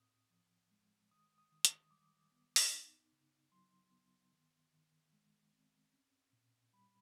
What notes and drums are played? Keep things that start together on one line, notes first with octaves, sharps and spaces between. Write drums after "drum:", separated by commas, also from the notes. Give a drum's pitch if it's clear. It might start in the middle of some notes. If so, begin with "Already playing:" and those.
Already playing: A2 C4 D#6
F3
G#3
D#3 D#6
D#6
D#3
D#6, drum: hi-hat
G3 D6
B3
drum: open hi-hat
D#4
C#3
F#3 C6
B3
D#3
D#3
G#3
C4
C#4
A#2
G3 B5